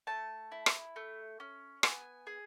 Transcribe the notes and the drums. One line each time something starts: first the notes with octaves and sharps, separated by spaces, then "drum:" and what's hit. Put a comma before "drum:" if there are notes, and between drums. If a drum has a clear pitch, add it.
A3 A5
E4
drum: rim click
A3
C#4
B3 G#5, drum: rim click
G#4